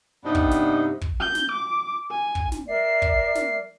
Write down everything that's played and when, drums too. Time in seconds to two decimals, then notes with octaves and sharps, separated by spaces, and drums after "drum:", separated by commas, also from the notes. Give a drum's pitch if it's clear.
0.24 G2 C3 B3 D4 D#4
0.35 drum: kick
0.51 drum: snare
1.01 drum: kick
1.20 G6
1.35 drum: snare
1.52 D6
2.11 G#5
2.35 drum: kick
2.52 drum: snare
2.68 A#4 D5 E5 C7
3.02 drum: kick
3.35 drum: snare